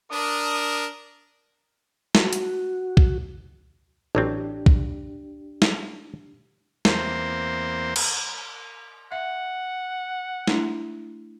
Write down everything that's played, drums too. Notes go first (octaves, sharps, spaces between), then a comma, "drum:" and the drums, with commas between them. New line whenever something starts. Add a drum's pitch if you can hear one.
D4 A#4 D#6
F#4, drum: snare
drum: hi-hat
drum: kick B1
A1 F#3 C4 D4 G4
drum: kick B1
drum: snare
E2 A#3 C4 C5, drum: snare
drum: cymbal
E5 F#5
A3 D4 E4, drum: snare